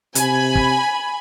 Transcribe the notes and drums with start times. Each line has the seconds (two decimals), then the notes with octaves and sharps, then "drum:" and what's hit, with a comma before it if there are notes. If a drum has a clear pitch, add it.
0.15 C3 G#5 B5, drum: hi-hat
0.55 drum: kick